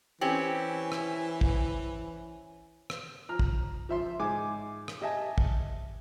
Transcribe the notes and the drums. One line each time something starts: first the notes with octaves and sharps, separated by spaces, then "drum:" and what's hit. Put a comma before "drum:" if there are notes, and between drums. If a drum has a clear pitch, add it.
E3 C4 C#4 G4
drum: rim click
drum: kick
drum: rim click
F3 A#5 F6
drum: kick
F3 E5 C6
G#2 G#5 D6
drum: rim click
G4 D#5 E5 G#5 A5
drum: kick